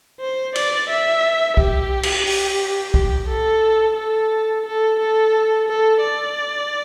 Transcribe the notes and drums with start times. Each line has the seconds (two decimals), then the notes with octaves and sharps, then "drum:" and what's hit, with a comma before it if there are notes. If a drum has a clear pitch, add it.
0.21 C5
0.55 D5, drum: cymbal
0.89 E5
1.57 G4, drum: kick C2
2.03 drum: cymbal
2.27 G4, drum: open hi-hat
2.94 G4, drum: kick C2
3.29 A4
3.97 A4
4.66 A4
5.00 A4
5.68 A4
6.02 D5